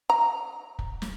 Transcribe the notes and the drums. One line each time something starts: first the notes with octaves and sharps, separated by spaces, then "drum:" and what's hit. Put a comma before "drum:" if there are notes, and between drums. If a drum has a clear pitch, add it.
A#5
drum: kick
drum: snare